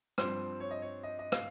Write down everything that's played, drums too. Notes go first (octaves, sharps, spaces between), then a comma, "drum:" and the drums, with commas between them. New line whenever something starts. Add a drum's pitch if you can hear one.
G2 F3 C4 C5, drum: rim click
C#5
D#5
C#5
D#5
D#5
F5, drum: rim click